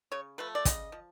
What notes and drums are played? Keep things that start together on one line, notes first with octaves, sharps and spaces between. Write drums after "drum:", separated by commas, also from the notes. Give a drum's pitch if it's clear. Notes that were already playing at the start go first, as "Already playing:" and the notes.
C#3 C#5
F3 A3 B4
D5
C#3 D#5, drum: kick, hi-hat
F3